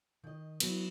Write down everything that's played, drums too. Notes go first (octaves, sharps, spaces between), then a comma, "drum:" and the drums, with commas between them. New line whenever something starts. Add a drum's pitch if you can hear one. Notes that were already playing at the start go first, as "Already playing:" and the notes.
D#3 D#5
F#3 B3 E4, drum: cymbal